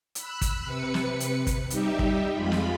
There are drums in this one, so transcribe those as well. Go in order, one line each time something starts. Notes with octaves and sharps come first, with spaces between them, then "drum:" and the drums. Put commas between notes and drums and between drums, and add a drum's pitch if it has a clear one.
B5 E6 F#6, drum: hi-hat
drum: kick, hi-hat
C3 B4 C#7
drum: snare
drum: hi-hat
drum: kick, hi-hat
G3 D#4 G4 E5, drum: hi-hat
drum: kick
F2 G#3 F4 B5
drum: snare